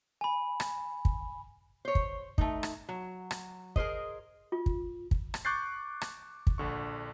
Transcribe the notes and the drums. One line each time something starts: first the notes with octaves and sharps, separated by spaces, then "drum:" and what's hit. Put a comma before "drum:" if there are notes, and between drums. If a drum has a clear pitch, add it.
G#5 B5
drum: rim click
drum: kick
C5 C#5
drum: kick
A3 D#4, drum: kick
drum: rim click
F#3
drum: rim click
G#4 A#4 C5 D#5, drum: kick
F4
drum: kick
drum: kick
drum: rim click
C#6 D6 F#6 G6 A6 C7
drum: rim click
drum: kick
A#1 D3 C#6